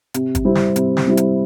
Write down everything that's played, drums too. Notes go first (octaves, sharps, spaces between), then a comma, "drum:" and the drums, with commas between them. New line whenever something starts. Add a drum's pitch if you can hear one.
C3, drum: hi-hat
drum: kick G1, hi-hat
G3 C4 E4
drum: snare
C3, drum: hi-hat
drum: snare
G3 C4 E4
drum: hi-hat